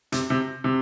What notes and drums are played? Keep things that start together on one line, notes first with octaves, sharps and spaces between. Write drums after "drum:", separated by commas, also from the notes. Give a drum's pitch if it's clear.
C3, drum: hi-hat
C3
C3